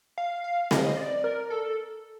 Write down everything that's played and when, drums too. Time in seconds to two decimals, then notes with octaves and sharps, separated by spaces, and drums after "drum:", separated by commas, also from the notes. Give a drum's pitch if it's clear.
0.18 F5
0.44 F5
0.71 D#5, drum: snare C4
0.97 D5
1.24 A#4
1.50 A4